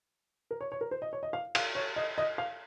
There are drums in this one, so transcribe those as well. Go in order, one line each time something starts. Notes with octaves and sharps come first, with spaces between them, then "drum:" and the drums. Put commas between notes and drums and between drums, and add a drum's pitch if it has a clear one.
A#4
C#5
C#5
A#4
C5
D#5
C#5
D#5
F5
F5, drum: cymbal
C#5
D#5
D#5
F5